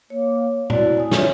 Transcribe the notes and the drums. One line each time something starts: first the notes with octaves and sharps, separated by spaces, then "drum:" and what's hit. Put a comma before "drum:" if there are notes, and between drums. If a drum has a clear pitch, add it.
A#3 C#5
A3 E4 F#4 D5, drum: tom A#2
G#5 D#6
E4 F4 C#5 E5, drum: snare